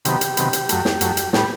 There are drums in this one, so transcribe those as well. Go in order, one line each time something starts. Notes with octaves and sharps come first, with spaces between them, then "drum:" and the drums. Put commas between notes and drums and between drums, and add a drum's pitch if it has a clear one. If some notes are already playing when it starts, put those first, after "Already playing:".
C3 D#3 F#3 B3 G4, drum: hi-hat
drum: hi-hat
C3 D#3 F#3 B3, drum: hi-hat
drum: hi-hat
F#2 F#3 A3, drum: hi-hat
drum: snare
F#2 F#3 A3, drum: hi-hat
drum: hi-hat
A2 G3 B3 G4, drum: snare